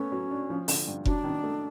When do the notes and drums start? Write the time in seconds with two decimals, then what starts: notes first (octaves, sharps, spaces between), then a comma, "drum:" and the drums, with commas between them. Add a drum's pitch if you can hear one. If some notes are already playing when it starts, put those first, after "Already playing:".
Already playing: A3 B3 C#4
0.12 F#3
0.31 D4
0.50 F3
0.68 D3, drum: open hi-hat
0.87 G2
1.05 F#3 D4, drum: kick F1
1.24 D#3
1.44 A3